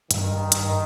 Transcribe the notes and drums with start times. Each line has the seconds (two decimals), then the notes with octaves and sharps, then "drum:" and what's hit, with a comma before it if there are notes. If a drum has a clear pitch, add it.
0.11 G2 D#3, drum: hi-hat
0.32 G2
0.52 G2, drum: hi-hat